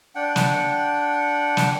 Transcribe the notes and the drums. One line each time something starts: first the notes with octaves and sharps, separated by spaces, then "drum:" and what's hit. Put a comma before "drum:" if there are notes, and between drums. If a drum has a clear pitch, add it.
D4 F#5 G5
drum: snare
drum: snare